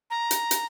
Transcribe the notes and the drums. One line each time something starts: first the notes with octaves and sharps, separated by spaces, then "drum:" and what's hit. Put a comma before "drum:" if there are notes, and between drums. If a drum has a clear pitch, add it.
A#5
drum: hi-hat
drum: hi-hat